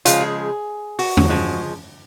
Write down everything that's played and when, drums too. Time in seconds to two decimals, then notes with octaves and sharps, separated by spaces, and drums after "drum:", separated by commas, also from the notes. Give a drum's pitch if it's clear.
0.05 C#3 F3 G#3 F4, drum: hi-hat
0.21 G#4
0.99 F#4, drum: open hi-hat
1.17 drum: tom E2
1.29 C#3 F3 G#3